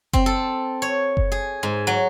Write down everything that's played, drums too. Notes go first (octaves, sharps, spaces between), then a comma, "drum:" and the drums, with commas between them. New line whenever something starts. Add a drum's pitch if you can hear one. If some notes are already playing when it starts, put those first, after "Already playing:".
C4, drum: kick F#1
A4
C#5
drum: kick F#1
G#4
G#2
F#3